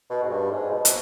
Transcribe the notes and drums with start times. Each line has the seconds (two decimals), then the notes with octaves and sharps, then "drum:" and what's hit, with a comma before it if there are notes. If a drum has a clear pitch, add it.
0.10 B2
0.23 G#2
0.30 G2
0.51 G#2
0.71 B2
0.85 drum: hi-hat